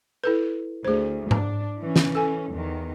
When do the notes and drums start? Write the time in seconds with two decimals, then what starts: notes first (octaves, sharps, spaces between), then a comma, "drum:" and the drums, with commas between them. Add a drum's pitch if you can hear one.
0.24 E4 A4 B4
0.85 D2 G#4 C5
1.31 D4, drum: tom G#2
1.79 E3 C#4
1.96 drum: snare
2.15 A4 G#5
2.51 E2 D#3